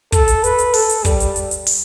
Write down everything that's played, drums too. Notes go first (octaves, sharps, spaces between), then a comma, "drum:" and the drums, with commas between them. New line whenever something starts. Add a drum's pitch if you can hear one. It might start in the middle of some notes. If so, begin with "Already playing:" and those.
A4, drum: kick, hi-hat
drum: hi-hat
B4, drum: hi-hat
drum: hi-hat
A4, drum: open hi-hat
drum: hi-hat
G3, drum: kick, hi-hat
drum: hi-hat
drum: hi-hat
drum: hi-hat
drum: open hi-hat